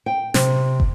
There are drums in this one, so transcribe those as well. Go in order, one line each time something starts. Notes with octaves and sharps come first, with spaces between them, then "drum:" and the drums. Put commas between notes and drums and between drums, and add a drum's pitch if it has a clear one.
G5
C3, drum: snare
drum: kick